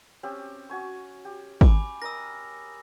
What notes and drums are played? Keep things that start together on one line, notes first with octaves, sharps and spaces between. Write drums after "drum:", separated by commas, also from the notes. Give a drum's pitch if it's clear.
C4 C#4 G4
F#4 G#5 C#6
G4
G#5 B5 D6, drum: kick
A#4 D#5 E6 A#6